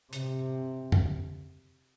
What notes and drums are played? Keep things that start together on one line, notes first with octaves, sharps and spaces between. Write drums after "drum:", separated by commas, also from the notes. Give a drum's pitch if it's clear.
C3, drum: hi-hat
drum: tom F2